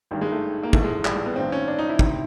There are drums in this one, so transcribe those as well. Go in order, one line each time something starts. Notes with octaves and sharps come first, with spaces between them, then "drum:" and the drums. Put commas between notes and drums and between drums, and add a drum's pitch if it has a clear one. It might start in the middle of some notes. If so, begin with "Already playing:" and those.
G#1 G2 D#3 G3
G#3
A3
A#3
A#1 A2 E3 A3, drum: kick
G#3
G3, drum: clap
G#3
B3
A1 G2 D#3 C4
C#4
D4
D#4
E4
D2 C3 D#3, drum: kick